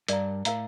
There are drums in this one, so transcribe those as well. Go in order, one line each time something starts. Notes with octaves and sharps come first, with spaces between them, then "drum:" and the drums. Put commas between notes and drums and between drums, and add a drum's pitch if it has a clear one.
G2 A#4 D5 F5 A#5, drum: hi-hat
A2 A#4 F5 A#5, drum: hi-hat